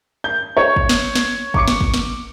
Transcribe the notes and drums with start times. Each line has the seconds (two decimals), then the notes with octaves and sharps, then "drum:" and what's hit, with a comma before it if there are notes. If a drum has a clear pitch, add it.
0.24 G6
0.57 C#5
0.76 drum: kick
0.89 drum: snare
1.15 drum: snare
1.54 C#6 D6 C#7, drum: kick
1.68 drum: snare
1.81 drum: kick
1.94 drum: snare